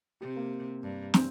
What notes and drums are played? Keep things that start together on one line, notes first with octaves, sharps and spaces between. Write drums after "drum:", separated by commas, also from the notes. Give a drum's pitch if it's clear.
C3 G4
A#3
G2
C4, drum: snare